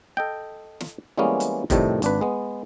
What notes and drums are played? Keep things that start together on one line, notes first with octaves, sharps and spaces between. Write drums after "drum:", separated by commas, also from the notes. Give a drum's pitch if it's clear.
A4 D#5 G5
drum: snare
E3 G3 G#3 A#3 B3 C#4
drum: hi-hat
F2 A2 C3 D#3 G3 A3, drum: kick F1, hi-hat
G#1 D4 B4, drum: hi-hat
G#3 B3